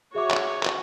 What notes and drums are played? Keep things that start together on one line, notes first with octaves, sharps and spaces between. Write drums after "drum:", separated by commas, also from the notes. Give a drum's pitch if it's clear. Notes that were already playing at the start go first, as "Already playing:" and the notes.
F#4 G#4 C#5 E5 D6
drum: clap
drum: clap